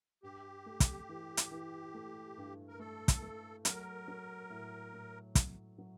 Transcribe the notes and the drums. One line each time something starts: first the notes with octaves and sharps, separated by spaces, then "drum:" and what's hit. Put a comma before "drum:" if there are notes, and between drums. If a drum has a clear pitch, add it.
G2 G4
A3
drum: kick, hi-hat
E3
drum: hi-hat
E3
A3
G2
A#4
A3 A4
drum: kick, hi-hat
A3
F#3 A#4, drum: hi-hat
F#3
A2
A2
F#3, drum: kick, hi-hat
F#3